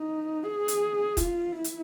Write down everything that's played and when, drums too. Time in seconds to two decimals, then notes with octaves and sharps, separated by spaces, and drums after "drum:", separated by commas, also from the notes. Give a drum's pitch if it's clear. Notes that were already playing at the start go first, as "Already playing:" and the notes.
Already playing: D#4
0.44 G#4
0.68 drum: hi-hat
1.17 F4, drum: kick F1, hi-hat
1.53 E4
1.64 drum: hi-hat